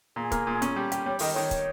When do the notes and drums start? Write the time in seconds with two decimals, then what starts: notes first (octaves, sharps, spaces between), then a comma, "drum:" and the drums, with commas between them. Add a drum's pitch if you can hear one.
0.16 A#2 G#4
0.32 A#3, drum: kick, hi-hat
0.47 A#2
0.62 C#4, drum: hi-hat
0.76 G3
0.92 G4, drum: hi-hat
1.06 G3 C#5
1.19 D#3 D#5, drum: open hi-hat
1.33 D#3 C#5
1.51 drum: kick, hi-hat